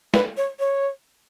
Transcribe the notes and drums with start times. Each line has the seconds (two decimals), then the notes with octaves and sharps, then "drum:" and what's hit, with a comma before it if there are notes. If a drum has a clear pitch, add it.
0.14 B4, drum: snare
0.37 C#5
0.60 C#5